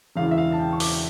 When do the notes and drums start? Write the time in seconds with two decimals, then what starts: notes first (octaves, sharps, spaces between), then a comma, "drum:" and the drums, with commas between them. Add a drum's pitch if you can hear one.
0.16 E1 E2 C#3 E3 F5
0.31 E5
0.38 F5
0.52 A5
0.60 G5
0.73 C#6
0.80 D6, drum: open hi-hat